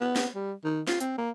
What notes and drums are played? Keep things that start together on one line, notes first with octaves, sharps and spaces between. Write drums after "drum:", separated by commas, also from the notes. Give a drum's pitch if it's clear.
B3
drum: snare
G3
D#3
F4, drum: snare
C4, drum: hi-hat
A#3